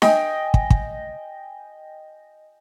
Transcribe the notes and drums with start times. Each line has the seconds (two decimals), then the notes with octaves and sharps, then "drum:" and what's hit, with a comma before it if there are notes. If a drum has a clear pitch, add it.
0.02 D#5 G5 G#5, drum: snare
0.54 drum: kick
0.70 drum: kick